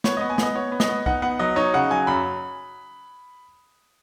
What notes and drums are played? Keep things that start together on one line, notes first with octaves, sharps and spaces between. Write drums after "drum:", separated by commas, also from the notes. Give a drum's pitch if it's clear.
B3 C#5, drum: snare
B3 D#5
G#5
B3 D#5, drum: snare
B3 C#5
B3
D#5, drum: snare
B3
D#4 F#5, drum: kick C2
B3 F#5
F#3 D#5
D#4 C#5
C#3 F#5
F#3 G#5
F#2 B5